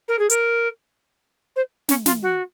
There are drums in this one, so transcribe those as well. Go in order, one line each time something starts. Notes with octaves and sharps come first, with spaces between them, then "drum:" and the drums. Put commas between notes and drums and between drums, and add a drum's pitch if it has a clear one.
A#4
G#4
A#4, drum: hi-hat
C5
C#4, drum: snare
F4, drum: snare
F#4